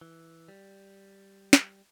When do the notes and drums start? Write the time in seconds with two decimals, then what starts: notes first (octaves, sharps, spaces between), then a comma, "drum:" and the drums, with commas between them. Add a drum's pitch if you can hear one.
0.01 E3
0.48 G3
1.53 drum: snare